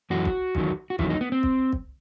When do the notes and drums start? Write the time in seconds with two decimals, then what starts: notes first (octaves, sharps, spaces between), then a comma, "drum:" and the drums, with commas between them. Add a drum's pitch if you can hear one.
0.10 F#2 E3 F#4
0.25 drum: kick
0.55 E2 D#3 F#3, drum: kick
0.90 F#4
0.99 E2 D#3 F#3 E4, drum: kick
1.09 D#4
1.21 B3
1.32 C4
1.43 drum: kick
1.73 drum: kick